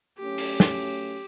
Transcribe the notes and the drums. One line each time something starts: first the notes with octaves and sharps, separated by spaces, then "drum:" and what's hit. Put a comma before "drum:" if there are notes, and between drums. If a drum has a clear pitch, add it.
A2 F#3 A3 C#4 G4
drum: open hi-hat
drum: snare